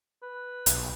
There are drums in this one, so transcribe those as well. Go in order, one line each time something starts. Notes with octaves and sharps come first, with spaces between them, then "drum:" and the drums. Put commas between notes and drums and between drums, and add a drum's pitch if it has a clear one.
B4
B1, drum: hi-hat